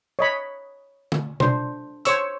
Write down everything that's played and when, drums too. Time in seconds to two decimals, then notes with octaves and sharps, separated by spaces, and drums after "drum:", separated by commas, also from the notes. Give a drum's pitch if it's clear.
0.19 C#5 D#5 B5
1.12 drum: tom
1.40 D4 C5, drum: tom B2
2.05 C5 C#5 C#6 E6, drum: hi-hat